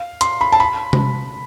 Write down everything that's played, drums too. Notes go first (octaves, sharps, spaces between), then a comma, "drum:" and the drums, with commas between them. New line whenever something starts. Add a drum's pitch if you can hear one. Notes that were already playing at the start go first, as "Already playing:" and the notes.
Already playing: F5
C6, drum: hi-hat
B5
A5
B5
drum: tom C3